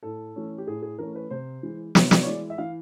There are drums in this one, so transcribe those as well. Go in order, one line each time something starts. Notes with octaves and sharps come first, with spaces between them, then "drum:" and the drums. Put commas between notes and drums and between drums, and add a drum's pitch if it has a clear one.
A2 A4
E3 A3 C#4
G4
A2 G#4
G#4
E3 A3 C#4 A#4
B4
C3 C5
E3 G#3
C3 C#5, drum: snare
D5, drum: snare
C#5
E3 G#3 D5
E5
E3 F5